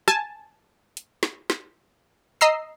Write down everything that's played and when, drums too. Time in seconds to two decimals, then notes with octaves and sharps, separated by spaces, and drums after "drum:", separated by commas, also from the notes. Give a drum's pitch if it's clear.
0.08 G#5 A5, drum: rim click
0.97 drum: hi-hat
1.23 drum: snare
1.50 drum: snare
2.41 D#5 A#5 E6 C7